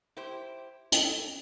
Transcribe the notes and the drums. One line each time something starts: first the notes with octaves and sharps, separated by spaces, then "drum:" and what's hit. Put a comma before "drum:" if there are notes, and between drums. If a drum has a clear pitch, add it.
E4 G4 C5
C#4 A4, drum: hi-hat